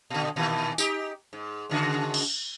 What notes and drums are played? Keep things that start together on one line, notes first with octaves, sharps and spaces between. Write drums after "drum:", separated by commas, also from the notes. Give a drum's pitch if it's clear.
A#2 D3
A#2 D#3 E3
D#4 G4, drum: tambourine
G#2
G#2 C#3 F#4
drum: cymbal